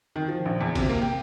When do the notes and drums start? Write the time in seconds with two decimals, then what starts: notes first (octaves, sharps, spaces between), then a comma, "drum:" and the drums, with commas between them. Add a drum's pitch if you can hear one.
0.16 D#3
0.28 F3
0.45 A#1
0.61 E2
0.75 C3, drum: kick G#1, cymbal
0.89 A#3
1.02 G5